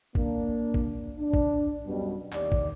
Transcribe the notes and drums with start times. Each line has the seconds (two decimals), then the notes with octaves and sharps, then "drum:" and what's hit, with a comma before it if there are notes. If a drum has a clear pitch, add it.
0.15 A#3 D4, drum: kick
0.74 drum: kick
1.18 D4
1.33 drum: kick
1.86 F#2 B2 G3
2.32 D#2 D5, drum: clap
2.52 drum: kick